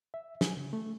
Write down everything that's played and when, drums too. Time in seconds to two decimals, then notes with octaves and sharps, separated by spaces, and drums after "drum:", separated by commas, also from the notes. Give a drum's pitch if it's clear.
0.14 E5
0.41 G#5, drum: snare
0.57 C#3
0.73 A3